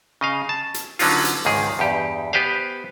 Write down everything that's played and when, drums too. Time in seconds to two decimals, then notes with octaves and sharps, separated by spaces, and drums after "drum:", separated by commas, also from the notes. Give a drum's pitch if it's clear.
0.21 C#3 D#5 F5
0.49 A5
0.74 drum: hi-hat
0.99 D3 F#3 C#4 D#4 F4, drum: open hi-hat
1.25 drum: hi-hat
1.45 C#2 G#2 D#3 G#4
1.79 E2 G2 G4
2.33 B3 G4 B4 C5 F5